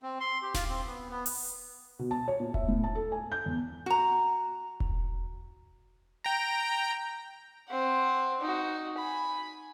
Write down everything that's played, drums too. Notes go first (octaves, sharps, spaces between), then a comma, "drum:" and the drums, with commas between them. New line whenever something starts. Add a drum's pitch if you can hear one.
C4
C6
G4
F4, drum: snare D#1
C4
B3
B3
drum: open hi-hat
B2
A5
C#5
A#2
E5, drum: kick E1
A2
A5
A4
G#5
G6
E2
F#4 A#5
drum: kick E1
G5 A#5
C4 F#5
D#4 F#4
G#5 B5